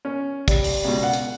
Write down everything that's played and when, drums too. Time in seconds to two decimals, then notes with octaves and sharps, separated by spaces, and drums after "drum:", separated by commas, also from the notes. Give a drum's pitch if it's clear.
0.05 C#4
0.48 G3, drum: kick, hi-hat
0.64 drum: open hi-hat
0.84 C#2 B2
1.03 F#5
1.13 drum: hi-hat